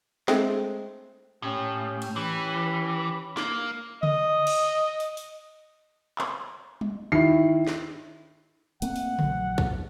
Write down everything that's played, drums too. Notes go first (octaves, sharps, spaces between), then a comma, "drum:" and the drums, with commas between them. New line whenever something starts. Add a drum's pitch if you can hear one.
G#3 A3 C4, drum: snare
A2 C#4 G4 G5
drum: cymbal
E3 C#4 G4 B5
A#3, drum: snare
D#5, drum: tom C#3
drum: cymbal
drum: open hi-hat
drum: open hi-hat
drum: clap
drum: tom G3
D#3 E4 C7
drum: snare
A3 A#3 C4 F#5, drum: hi-hat
drum: open hi-hat
A#1 F#3, drum: tom C#3
drum: kick